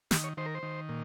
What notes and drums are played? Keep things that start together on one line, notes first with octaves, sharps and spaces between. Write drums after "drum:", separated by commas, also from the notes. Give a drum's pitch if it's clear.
D#3 G4, drum: snare
C#5
D#3 C5
A#4
C5
D#3
A#2